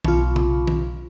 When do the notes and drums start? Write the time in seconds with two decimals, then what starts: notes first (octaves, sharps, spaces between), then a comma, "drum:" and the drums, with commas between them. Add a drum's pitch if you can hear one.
0.05 B1 F4, drum: tom
0.36 drum: tom
0.67 drum: tom